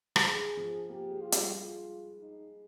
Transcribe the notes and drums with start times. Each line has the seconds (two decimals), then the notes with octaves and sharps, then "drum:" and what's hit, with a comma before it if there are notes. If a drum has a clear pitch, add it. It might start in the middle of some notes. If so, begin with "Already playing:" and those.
0.16 drum: rim click
0.25 G#4
0.57 F3
0.89 A#3 G4
1.11 G#3
1.21 F4
1.32 G3, drum: hi-hat
1.54 G#3 F4
2.18 D#4